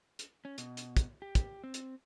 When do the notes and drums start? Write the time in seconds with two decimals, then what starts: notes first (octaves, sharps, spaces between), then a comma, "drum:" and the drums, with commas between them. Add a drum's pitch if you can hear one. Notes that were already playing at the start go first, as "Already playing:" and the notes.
0.19 drum: hi-hat
0.45 C#4
0.58 B2, drum: hi-hat
0.77 drum: hi-hat
0.97 drum: kick, hi-hat
1.22 G4
1.35 drum: kick, hi-hat
1.64 C4
1.74 drum: hi-hat